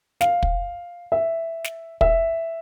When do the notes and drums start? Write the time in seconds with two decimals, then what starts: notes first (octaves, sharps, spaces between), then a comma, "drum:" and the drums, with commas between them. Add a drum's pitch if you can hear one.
0.21 F5, drum: snare
0.43 drum: kick
1.12 E5
1.64 drum: snare
2.01 E5, drum: kick